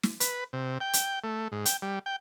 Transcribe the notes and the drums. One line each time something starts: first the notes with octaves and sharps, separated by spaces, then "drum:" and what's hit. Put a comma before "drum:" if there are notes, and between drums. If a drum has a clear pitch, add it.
drum: snare
B4, drum: hi-hat
C3
G5
drum: hi-hat
A3
G#2
G5, drum: hi-hat
G3
G5